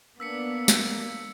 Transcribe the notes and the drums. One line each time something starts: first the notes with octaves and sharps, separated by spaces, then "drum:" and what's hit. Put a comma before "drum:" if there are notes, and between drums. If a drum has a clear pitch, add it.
A#3 B3 D4 E6 B6 C#7
drum: snare